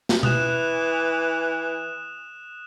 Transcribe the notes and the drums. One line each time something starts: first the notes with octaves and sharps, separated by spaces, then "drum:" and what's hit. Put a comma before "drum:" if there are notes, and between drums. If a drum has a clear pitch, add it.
drum: snare
E3 D#6 F#6 E7, drum: tom B2